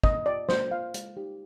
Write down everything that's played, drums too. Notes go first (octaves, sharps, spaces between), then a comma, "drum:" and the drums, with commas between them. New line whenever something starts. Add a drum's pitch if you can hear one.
A#3 D#5, drum: kick
F4 D5
A#3 C5, drum: snare
F4 F5
G#3, drum: hi-hat
D#4 G4